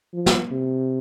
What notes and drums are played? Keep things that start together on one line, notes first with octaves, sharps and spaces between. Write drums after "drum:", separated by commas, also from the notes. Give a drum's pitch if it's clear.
F3
drum: snare
C3